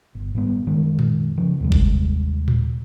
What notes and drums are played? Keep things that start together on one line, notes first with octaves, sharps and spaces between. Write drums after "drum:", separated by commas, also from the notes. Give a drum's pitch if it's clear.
G1
G#2 G3 B3
F#2 D#3 G#3
drum: tom A2
C#3 F3
D#2 C3 G3 G#3
drum: kick G1
drum: tom A2